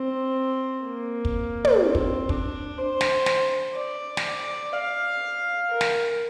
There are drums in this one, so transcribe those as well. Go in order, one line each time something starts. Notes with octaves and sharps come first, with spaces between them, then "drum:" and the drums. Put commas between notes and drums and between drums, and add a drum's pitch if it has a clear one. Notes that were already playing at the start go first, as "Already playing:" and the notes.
Already playing: C4
A#3
drum: kick
drum: tom
C4
drum: kick
D4, drum: kick
C5
drum: snare
drum: snare
D5
drum: snare
F5
A#4
drum: snare